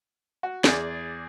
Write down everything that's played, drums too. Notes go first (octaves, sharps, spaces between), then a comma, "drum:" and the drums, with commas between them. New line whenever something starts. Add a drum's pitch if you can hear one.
F#4
E2 G#4 D5, drum: snare